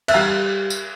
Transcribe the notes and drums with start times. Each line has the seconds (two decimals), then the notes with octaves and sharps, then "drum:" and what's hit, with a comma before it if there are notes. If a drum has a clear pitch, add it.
0.08 E5, drum: cymbal
0.14 G3 F5
0.70 drum: tambourine